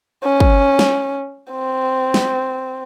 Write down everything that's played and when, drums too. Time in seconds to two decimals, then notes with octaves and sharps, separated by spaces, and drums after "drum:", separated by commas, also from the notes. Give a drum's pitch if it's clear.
0.24 C#4
0.40 drum: kick
0.79 drum: snare
1.51 C4
2.14 drum: snare